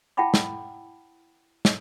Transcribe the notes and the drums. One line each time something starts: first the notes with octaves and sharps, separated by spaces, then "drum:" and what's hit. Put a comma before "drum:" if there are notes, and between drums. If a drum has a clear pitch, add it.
E4 F#5 G5 A5 B5 D6
drum: snare
drum: snare